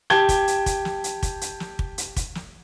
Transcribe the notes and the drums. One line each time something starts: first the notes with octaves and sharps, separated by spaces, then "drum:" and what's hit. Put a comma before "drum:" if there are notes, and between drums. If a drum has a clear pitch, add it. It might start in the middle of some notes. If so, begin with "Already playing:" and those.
G4 A5 G#6 G7, drum: snare
drum: kick, hi-hat
drum: hi-hat
drum: kick, hi-hat
drum: snare
drum: hi-hat
drum: kick, hi-hat
drum: hi-hat
drum: snare
drum: kick
drum: hi-hat
drum: kick, hi-hat
drum: snare